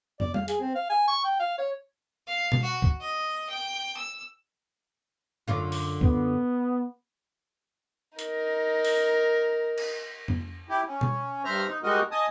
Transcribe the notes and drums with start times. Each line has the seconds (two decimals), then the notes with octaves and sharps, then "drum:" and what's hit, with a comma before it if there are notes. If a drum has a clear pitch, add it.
0.20 D5, drum: tom
0.34 F5, drum: tom G3
0.48 G#4, drum: hi-hat
0.60 C4
0.75 F5
0.90 G#5
1.08 C#6
1.24 G5
1.40 F5
1.58 C#5
2.27 F5
2.52 drum: tom B2
2.63 F#4
2.82 drum: kick
3.00 D#5
3.49 G5
3.97 E6
5.48 F#2 D3 F4
5.72 drum: open hi-hat
6.01 B3, drum: kick
8.19 D#4 A#4, drum: hi-hat
8.85 drum: open hi-hat
9.78 drum: cymbal
10.28 drum: tom
10.69 E4 G4
10.87 C#4
11.01 drum: tom B2
11.45 G2 C5 E5 A#5 F6
11.68 D#4
11.83 G3 G#3 D#4 F#4 A#4 D#5
12.11 D#5 G#5 A5 D#6